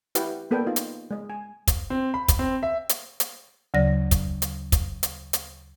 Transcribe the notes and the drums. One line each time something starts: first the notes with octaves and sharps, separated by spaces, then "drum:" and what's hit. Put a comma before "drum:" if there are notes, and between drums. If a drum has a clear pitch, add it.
E4 G4 B4 F#5 G5, drum: hi-hat
A#3 B3 A4 B4 D5 G5
D#4 F4 D#5
drum: hi-hat
G#3 D#5
G#5
drum: kick, hi-hat
C4
B5
drum: kick, hi-hat
C4
E5
drum: hi-hat
drum: hi-hat
D2 C#3 F#3 D5 A#6
drum: kick, hi-hat
drum: hi-hat
drum: kick, hi-hat
drum: hi-hat
drum: hi-hat